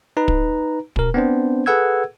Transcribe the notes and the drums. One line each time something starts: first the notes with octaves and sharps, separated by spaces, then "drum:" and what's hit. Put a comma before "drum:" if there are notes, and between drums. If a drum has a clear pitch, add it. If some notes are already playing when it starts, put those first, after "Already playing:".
D#4 B4 A#5
drum: kick
B2 A#4, drum: kick
B3 C4 D4 C5
G#4 A4 B4 F#5 E6 G#6